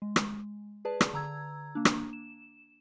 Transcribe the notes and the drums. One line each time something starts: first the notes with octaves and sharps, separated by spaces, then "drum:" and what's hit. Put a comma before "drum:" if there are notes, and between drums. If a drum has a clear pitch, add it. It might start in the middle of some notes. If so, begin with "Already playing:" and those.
G#3
drum: rim click
G#4 B4 D5 A5
drum: rim click
D3 A#5 E6 G#6
A#3 D4
drum: rim click
E7